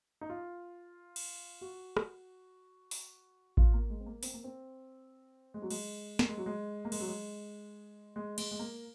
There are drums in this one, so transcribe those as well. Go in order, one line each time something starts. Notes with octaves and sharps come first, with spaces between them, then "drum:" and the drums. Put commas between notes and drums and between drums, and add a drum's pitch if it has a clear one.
D#4
F4
drum: cymbal
F#4
drum: rim click
drum: open hi-hat
F4, drum: kick A1
A#3
G#3
C4
A#3
C4, drum: open hi-hat
A#3
C4
G#3
F#3
G#3, drum: cymbal
A#3, drum: snare
G#3
F#3
G#3
A#3
G#3, drum: cymbal
F#3
G#3
G#3
G#3, drum: cymbal
G#3
A#3